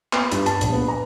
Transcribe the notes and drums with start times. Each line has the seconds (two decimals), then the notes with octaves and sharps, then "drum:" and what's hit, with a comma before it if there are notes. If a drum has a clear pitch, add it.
0.13 B3, drum: clap
0.32 G2, drum: hi-hat
0.46 A5, drum: hi-hat
0.61 A#1, drum: hi-hat
0.73 B3
0.88 A#5